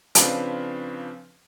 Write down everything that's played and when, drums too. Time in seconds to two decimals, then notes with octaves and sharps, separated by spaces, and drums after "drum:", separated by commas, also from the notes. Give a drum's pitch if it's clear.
0.15 C#3 F3 C4 D4 B4 F5, drum: hi-hat